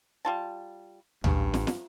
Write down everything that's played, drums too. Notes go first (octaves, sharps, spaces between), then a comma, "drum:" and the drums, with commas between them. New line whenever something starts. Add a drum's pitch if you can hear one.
G3 F4 A5
A1 G2 C#3, drum: tom D2
drum: snare
drum: snare